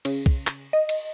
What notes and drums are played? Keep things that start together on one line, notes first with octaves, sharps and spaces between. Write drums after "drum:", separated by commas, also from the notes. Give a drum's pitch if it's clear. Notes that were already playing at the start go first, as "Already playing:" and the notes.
C#3, drum: cymbal
drum: kick
drum: clap
D#5
drum: cymbal